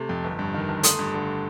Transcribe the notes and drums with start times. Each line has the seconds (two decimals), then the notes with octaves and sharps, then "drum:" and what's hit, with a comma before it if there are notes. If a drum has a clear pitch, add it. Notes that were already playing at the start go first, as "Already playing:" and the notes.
Already playing: C3 A3
0.09 F2
0.24 G1
0.39 G2
0.54 D#3
0.68 G1
0.83 A3 C6 D#6, drum: hi-hat
0.99 G2
1.14 D3